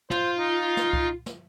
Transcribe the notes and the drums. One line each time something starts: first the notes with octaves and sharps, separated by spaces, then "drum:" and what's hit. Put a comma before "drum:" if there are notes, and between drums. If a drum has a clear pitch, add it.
F4 C5, drum: tom
D#4
drum: snare
drum: kick C2
drum: snare